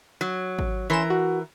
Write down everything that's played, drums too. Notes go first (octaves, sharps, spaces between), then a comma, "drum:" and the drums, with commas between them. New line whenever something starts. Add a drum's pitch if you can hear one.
F#3
drum: kick G#1
E3 C#4 A#4 C6 E7
F#4